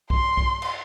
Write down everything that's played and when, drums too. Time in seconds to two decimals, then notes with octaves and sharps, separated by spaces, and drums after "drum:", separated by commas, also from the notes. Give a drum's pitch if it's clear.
0.10 C6, drum: kick B1
0.37 drum: kick B1
0.62 drum: cymbal